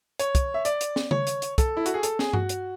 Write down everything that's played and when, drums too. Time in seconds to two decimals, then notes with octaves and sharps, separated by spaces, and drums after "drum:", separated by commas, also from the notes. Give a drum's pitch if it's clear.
0.19 C#5, drum: hi-hat
0.35 drum: kick, hi-hat
0.54 E5
0.65 D5, drum: hi-hat
0.81 drum: hi-hat
0.96 drum: snare C#4
1.11 C#5, drum: tom C#3
1.27 drum: hi-hat
1.42 drum: hi-hat
1.58 A4, drum: kick, hi-hat
1.77 E4
1.86 F#4, drum: hi-hat
1.94 G#4
2.03 A4, drum: hi-hat
2.19 G#4, drum: snare C#4
2.33 F#4, drum: tom G2
2.49 drum: hi-hat